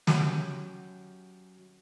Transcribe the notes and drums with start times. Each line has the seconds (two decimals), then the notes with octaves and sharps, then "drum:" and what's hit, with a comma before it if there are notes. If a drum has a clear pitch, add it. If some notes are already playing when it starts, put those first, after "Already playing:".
0.07 F#2 G4 F#5, drum: snare